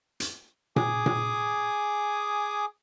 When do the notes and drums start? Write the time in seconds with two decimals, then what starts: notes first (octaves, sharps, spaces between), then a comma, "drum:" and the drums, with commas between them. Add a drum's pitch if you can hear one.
0.20 drum: hi-hat
0.76 G#4 G#5 D6 D#6, drum: tom A#2
1.06 drum: tom A#2